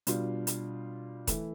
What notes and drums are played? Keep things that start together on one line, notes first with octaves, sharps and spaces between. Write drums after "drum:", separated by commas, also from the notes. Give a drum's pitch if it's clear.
B2 G3 D4 F4, drum: hi-hat
drum: hi-hat
E3 A3, drum: kick E1, hi-hat